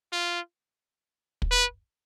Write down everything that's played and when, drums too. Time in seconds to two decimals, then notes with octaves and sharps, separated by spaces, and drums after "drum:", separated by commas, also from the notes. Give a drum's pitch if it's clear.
0.12 F4
1.42 drum: kick
1.51 B4